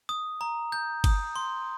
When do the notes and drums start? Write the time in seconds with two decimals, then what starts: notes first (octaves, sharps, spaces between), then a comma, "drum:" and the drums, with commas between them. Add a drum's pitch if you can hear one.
0.09 D#6
0.41 A#5
0.72 G6
1.04 D#6, drum: kick G1, cymbal
1.36 C6